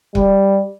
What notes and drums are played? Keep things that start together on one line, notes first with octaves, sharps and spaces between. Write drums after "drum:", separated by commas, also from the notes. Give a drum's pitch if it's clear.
G3, drum: kick